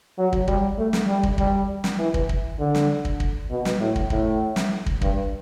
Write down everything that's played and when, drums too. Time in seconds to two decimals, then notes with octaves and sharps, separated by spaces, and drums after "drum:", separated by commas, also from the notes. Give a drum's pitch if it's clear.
0.18 F#3
0.33 drum: kick
0.48 G3, drum: kick
0.78 A3
0.93 drum: snare
1.08 G3
1.23 drum: kick
1.38 G3, drum: kick
1.84 drum: snare
1.99 E3
2.14 drum: kick
2.29 drum: kick
2.59 D3
2.75 drum: snare
3.05 drum: kick
3.20 drum: kick
3.51 B2
3.65 drum: snare
3.80 A2
3.96 drum: kick
4.10 A2, drum: kick
4.56 drum: snare
4.86 drum: kick
5.01 G2, drum: kick